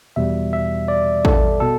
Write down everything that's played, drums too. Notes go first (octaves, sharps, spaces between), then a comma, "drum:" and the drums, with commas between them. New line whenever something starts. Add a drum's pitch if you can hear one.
E2 B2 G3 E5
E5
D5
A4, drum: kick
B2 A4